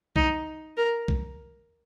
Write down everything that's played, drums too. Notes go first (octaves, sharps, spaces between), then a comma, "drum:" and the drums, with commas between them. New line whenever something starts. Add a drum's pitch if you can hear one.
D#4, drum: kick
A#4
drum: kick